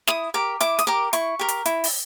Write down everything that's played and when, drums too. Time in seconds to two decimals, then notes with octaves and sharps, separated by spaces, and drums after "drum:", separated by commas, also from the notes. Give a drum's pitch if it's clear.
0.07 E4 D#6, drum: snare
0.34 G4 A#4 D6
0.60 E4 D6, drum: hi-hat
0.79 D#6, drum: hi-hat
0.87 G4 A#4 D6
1.13 E4 C#6, drum: hi-hat
1.39 G4 A#4
1.48 drum: hi-hat
1.66 E4, drum: hi-hat
1.84 drum: open hi-hat